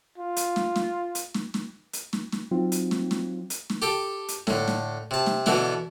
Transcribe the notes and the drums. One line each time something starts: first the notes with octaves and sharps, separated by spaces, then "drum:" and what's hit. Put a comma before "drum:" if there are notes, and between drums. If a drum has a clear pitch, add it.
F4
drum: hi-hat
drum: snare
drum: snare
drum: hi-hat
drum: snare
drum: snare
drum: hi-hat
drum: snare
drum: snare
F#3 C4 D#4 F4
drum: hi-hat
drum: snare
drum: snare
drum: hi-hat
drum: snare
G4 A4 G5
drum: hi-hat
A2 D3, drum: snare
drum: snare
C3 A5
drum: snare
B2 D3 E3 B3 E4, drum: snare